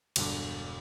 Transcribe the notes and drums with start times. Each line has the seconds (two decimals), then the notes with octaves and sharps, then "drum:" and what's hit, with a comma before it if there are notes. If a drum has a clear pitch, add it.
0.16 E1 G2 D3, drum: cymbal